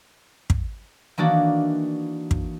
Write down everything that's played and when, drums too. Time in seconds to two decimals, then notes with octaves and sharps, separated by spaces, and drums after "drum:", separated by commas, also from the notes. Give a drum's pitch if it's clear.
0.50 drum: kick
1.18 D#3 E3 A#3 D4 F#4 D5
2.31 drum: kick